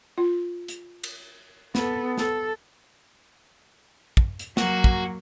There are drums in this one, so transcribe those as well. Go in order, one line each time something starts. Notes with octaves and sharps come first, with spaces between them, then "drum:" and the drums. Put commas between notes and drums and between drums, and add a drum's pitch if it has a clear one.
F4
drum: hi-hat
drum: cymbal
B3 A4, drum: snare
A4, drum: snare
drum: kick
drum: hi-hat
F#3 A#3 F#4, drum: snare
drum: kick